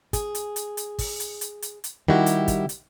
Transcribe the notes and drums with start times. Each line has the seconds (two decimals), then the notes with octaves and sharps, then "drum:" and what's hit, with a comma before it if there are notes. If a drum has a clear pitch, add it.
0.13 G#4, drum: kick, hi-hat
0.35 drum: hi-hat
0.56 drum: hi-hat
0.77 drum: hi-hat
0.98 drum: kick, open hi-hat
1.20 drum: hi-hat
1.41 drum: hi-hat
1.62 drum: hi-hat
1.84 drum: hi-hat
2.08 D#3 G3 E4 F#4 G4
2.26 drum: hi-hat
2.48 drum: kick, hi-hat
2.69 drum: hi-hat